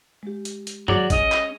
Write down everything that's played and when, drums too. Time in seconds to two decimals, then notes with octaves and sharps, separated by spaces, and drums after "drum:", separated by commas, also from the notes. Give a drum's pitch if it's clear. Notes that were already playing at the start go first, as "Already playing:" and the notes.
0.23 G#3 G4
0.45 drum: hi-hat
0.67 drum: hi-hat
0.88 F#3 G#4 D5, drum: tom G2
1.10 C#4 D#5, drum: kick G#1, hi-hat
1.32 drum: clap